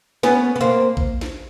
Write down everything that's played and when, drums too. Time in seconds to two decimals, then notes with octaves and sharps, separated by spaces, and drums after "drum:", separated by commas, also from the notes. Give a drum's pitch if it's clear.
0.23 B3 C#4, drum: snare
0.56 B3
0.61 A#3 C4
0.97 drum: kick A#1
1.21 drum: snare